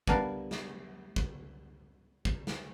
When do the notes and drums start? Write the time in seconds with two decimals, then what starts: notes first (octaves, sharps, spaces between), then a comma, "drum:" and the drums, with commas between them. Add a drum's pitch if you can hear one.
0.07 G3 B3 D4 A#4 F5, drum: kick
0.51 drum: snare
1.16 drum: kick
2.25 drum: kick
2.47 drum: snare